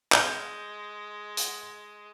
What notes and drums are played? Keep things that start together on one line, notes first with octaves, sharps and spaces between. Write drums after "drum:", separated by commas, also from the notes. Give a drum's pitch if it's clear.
G#3 G6, drum: clap
drum: hi-hat